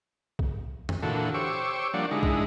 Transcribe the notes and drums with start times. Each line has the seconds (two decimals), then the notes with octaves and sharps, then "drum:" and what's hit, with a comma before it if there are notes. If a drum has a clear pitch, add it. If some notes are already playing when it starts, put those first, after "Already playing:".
0.39 drum: kick B1
0.89 drum: tom F2
1.03 A#2 D3 E3 F#4 A4
1.34 G4 C5 C#5 C#6 D6 E6
1.94 F3 G3 A#3 D4 D5 F#5
2.11 D3 G#3 D#4 E4
2.23 drum: kick B1